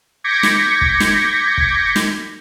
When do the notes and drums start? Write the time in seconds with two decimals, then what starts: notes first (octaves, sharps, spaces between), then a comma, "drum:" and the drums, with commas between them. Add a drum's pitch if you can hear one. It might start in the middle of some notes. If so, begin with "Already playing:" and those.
0.24 D6 G6 G#6 A#6 B6 C#7
0.43 drum: snare
0.81 drum: kick
1.00 drum: snare
1.58 drum: kick
1.96 drum: snare